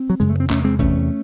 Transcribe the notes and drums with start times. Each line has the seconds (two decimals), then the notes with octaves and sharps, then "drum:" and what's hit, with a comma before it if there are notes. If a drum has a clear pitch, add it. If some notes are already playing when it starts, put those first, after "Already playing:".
Already playing: C4
0.10 F#3
0.20 F#2 C#3 G#3
0.30 A3
0.40 C4
0.50 E2 C3 A3 C#4, drum: clap
0.64 G#3 C4
0.79 E2 C3 A3 C#4, drum: kick G#1